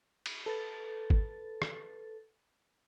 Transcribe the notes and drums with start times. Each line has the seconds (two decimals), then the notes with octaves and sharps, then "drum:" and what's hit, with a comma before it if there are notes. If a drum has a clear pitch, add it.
0.26 drum: cymbal
0.46 A4 B4 A6
1.10 drum: kick G#1
1.62 drum: rim click